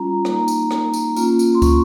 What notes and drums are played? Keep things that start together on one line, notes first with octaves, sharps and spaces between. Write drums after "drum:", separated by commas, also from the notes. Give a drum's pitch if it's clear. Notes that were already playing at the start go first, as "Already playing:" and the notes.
Already playing: G3 C#4 F4 A#5
A#3 D#4 A#5, drum: rim click
drum: tambourine
drum: rim click
drum: tambourine
A#3 C#4 F4, drum: tambourine
drum: tambourine
C6
C#6, drum: kick, tambourine